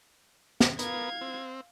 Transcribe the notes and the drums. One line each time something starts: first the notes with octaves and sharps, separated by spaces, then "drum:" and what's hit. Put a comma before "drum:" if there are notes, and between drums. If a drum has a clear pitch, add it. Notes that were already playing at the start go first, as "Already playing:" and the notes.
drum: snare
B3 A#4 F5 G#6, drum: hi-hat
C4